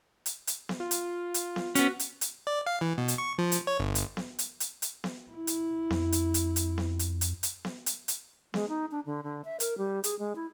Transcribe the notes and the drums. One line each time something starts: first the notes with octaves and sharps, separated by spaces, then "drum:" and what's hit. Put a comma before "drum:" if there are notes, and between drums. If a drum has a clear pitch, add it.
drum: hi-hat
drum: hi-hat
drum: snare B3
F4
drum: hi-hat
drum: hi-hat
drum: snare B3
B3 C#4 F#4, drum: hi-hat
drum: hi-hat
drum: hi-hat
D5
F5
E3
B2
drum: hi-hat
C#6
F3
drum: hi-hat
C#5
G1
drum: hi-hat
drum: snare B3
drum: hi-hat
drum: hi-hat
drum: hi-hat
drum: snare B3
E4
drum: hi-hat
F2, drum: snare B3
drum: hi-hat
drum: hi-hat
drum: hi-hat
drum: snare B3
drum: hi-hat
drum: hi-hat
drum: hi-hat
drum: snare B3
drum: hi-hat
drum: hi-hat
G#3, drum: snare B3
D#4
D4
D3
D3
E5
A#4, drum: hi-hat
G3
G#4, drum: hi-hat
G#3
E4